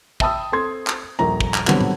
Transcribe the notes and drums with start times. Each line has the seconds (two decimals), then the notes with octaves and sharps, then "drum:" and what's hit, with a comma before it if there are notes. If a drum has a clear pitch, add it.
0.20 E5 G5 A5 B5 D#6 E6, drum: kick
0.52 C4 A4 C6 G#6
0.87 drum: clap
1.19 D#1 A#1 A#4 A#5
1.40 drum: kick
1.54 drum: clap
1.67 D3 F#3 G3 B3 C4, drum: clap
1.81 drum: tom